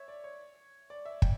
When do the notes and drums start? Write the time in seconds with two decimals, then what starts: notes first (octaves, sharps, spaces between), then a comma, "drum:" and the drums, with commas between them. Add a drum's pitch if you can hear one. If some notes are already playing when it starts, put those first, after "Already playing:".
Already playing: C#5 E5
0.08 D5
0.24 C#5
0.90 D5
1.05 E5
1.22 G5, drum: kick